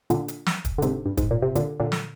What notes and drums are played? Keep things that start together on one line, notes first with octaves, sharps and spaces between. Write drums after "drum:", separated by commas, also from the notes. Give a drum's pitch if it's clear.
A#2 D3, drum: hi-hat
drum: hi-hat
drum: snare
drum: kick, hi-hat
D3
G#2 C3, drum: hi-hat
G2
G#2, drum: kick, hi-hat
A#2
C3
A#2 D3, drum: hi-hat
A#2 D3
drum: snare